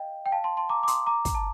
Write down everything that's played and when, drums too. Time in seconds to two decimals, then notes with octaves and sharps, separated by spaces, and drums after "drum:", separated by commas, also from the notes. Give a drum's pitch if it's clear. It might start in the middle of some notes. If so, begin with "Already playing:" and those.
Already playing: D#5 F5 G5
0.26 G5
0.32 F5 A5
0.44 A5 C6
0.57 A5 C6
0.69 A#5 D6
0.83 D6
0.88 C6 D#6, drum: hi-hat
1.06 A#5 D6
1.25 drum: kick, hi-hat
1.35 A5